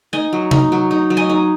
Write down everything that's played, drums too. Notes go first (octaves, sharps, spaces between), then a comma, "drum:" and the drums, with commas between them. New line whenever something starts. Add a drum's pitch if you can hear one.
D#4 D#5 G#5
F#3
D#4, drum: tom C3
F#3
D#4
F#3
D#5 G#5
D#4